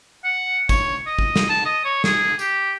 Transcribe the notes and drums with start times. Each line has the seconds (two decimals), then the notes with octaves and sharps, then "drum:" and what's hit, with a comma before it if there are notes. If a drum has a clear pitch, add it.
0.24 F#5
0.69 C#5, drum: kick, tambourine
1.06 D#5
1.19 drum: kick
1.36 drum: snare
1.49 A5
1.65 D#5
1.85 C#5
2.04 G#4, drum: snare
2.39 G4, drum: tambourine